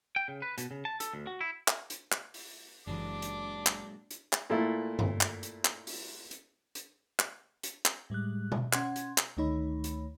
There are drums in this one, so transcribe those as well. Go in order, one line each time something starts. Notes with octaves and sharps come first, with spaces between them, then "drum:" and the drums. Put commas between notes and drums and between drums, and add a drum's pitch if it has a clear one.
G5
C#3
B4
B2, drum: hi-hat
C#3
A5
A4, drum: hi-hat
D2
F#4
E4
drum: clap
drum: hi-hat
drum: clap
drum: open hi-hat
F#1 A#2 E3 F#3 G#3 D4 D6
drum: hi-hat
drum: clap
drum: hi-hat
drum: clap
A#2 A3 E4
drum: tom F#2
drum: clap
drum: hi-hat
drum: clap
drum: open hi-hat
drum: hi-hat
drum: hi-hat
drum: clap
drum: hi-hat
drum: clap
A2 G3 G#3 F#6
drum: tom B2
C#4 F#5 C6 G#6, drum: clap
drum: hi-hat
drum: clap
D2 D#3 A3 D#4 C#5 B5
drum: hi-hat